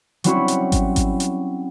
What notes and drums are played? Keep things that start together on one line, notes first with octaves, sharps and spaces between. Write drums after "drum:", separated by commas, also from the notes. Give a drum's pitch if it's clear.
F#3 G3 C4 C#4 E4 F#4, drum: hi-hat
drum: hi-hat
drum: kick G#1, hi-hat
drum: kick G#1, hi-hat
drum: hi-hat